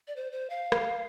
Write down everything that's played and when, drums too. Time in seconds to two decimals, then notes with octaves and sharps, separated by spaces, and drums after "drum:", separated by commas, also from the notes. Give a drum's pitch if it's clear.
0.08 D5
0.16 C5
0.32 C5
0.50 F5
0.72 drum: rim click